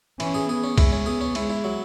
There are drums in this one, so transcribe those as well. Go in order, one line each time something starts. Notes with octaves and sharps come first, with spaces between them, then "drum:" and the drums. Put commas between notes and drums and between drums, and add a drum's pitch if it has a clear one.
E3 C#4, drum: cymbal
G#4
B3 G#4
C#4
G#3 E4, drum: kick, cymbal
C#4
B3 G#4
C#4
G#3 E4, drum: cymbal
E4
F#3